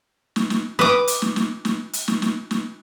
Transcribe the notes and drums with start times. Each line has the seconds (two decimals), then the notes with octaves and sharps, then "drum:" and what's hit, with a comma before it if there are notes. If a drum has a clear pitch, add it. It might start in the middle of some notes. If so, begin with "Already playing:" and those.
0.36 drum: snare
0.50 drum: snare
0.79 B4 D6 D#6, drum: snare
1.07 drum: hi-hat
1.22 drum: snare
1.36 drum: snare
1.65 drum: snare
1.93 drum: hi-hat
2.08 drum: snare
2.22 drum: snare
2.51 drum: snare